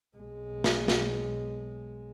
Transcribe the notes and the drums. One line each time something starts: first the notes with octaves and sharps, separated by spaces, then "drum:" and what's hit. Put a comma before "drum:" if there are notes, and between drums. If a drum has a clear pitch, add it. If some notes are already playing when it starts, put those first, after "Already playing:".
B1 G#3
drum: snare
drum: snare